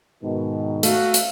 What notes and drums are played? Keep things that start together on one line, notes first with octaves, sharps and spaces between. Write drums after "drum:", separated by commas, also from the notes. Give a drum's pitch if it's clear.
G#2 B2 D#3
A3 F#4 E5 F5, drum: hi-hat
drum: hi-hat